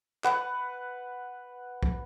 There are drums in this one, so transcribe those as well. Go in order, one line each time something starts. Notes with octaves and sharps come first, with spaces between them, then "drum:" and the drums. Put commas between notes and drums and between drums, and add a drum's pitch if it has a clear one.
B4 F#5, drum: clap
drum: kick B1